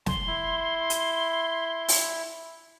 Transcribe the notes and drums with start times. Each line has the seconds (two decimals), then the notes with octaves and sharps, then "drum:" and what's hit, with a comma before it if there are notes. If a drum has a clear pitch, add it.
0.06 C6, drum: snare
0.27 E4
0.90 drum: hi-hat
1.88 drum: open hi-hat